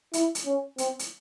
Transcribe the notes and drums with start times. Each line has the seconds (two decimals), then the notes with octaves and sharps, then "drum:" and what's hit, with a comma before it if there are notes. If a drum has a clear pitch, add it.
0.13 E4, drum: hi-hat
0.35 drum: hi-hat
0.46 C#4
0.78 C4, drum: hi-hat
0.99 drum: hi-hat